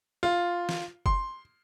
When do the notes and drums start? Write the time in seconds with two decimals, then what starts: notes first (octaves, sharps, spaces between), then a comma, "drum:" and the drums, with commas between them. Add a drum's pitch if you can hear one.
0.23 F4
0.69 drum: snare
1.06 C6, drum: kick F#1